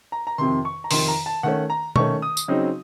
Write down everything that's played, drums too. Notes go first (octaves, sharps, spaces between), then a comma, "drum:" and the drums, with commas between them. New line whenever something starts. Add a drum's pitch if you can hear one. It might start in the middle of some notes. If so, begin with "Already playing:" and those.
A#5
A#5
F2 C3 D#3 C6
C#6
A#5
F2 C3 D#3 C6, drum: open hi-hat
A#5
A5
D#3 A3 C#4 F#5
A#5
D#3 A3 C#4 C#6, drum: tom B2
D#6
drum: tambourine
C#3 F#3 C4 D#4